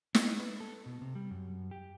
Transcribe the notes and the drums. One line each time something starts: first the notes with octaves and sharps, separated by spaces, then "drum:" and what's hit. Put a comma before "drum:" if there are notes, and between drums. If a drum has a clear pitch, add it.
E4, drum: snare
B4
A4
B2
C3
G3
F#2
G4